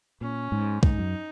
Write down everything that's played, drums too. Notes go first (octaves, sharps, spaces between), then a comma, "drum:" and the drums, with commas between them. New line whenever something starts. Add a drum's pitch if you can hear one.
A#2 C#4
G#2
G#2 D#4, drum: kick
F#2